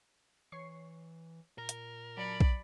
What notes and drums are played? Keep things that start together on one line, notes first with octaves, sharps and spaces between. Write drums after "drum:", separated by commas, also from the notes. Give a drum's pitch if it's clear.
E3 C#5 C#6 C7
A#2 A#4
drum: hi-hat
F#3 D5 A5 B5 C#7
drum: kick